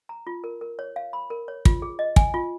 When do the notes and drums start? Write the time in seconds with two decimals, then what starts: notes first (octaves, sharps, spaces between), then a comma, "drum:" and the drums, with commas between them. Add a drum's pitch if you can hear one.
0.09 A#5
0.27 F4
0.44 A#4
0.61 A#4
0.79 C#5
0.96 F5
1.13 B5
1.30 A#4
1.48 C#5
1.65 F4, drum: kick
1.82 G#4
1.99 D#5
2.16 G#5, drum: kick
2.34 F4